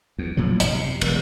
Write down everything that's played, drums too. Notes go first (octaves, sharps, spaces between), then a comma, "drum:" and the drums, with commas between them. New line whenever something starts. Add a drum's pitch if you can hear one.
E2
F1 A#2 F3 F#3
F1 G#2 B2, drum: hi-hat
C3
E1, drum: cymbal